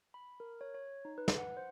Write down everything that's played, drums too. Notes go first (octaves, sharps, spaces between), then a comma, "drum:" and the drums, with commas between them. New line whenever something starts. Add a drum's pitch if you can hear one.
B5
A#4
C#5
C#5
D#4
B4
drum: snare
F#5
C5